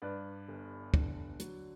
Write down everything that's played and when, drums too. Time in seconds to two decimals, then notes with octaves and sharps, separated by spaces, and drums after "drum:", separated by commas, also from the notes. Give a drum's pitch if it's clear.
0.02 G2 B4 D5
0.48 G1
0.94 D3, drum: kick
1.40 F#3, drum: hi-hat